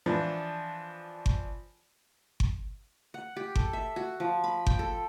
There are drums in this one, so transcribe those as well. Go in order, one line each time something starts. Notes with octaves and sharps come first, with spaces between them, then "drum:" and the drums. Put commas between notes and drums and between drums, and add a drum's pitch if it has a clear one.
E3 F3 D4
drum: kick G1
drum: kick G1
F#5
G4
A4, drum: kick G1
E5
F#4
F3
B5
G5, drum: kick G1
A4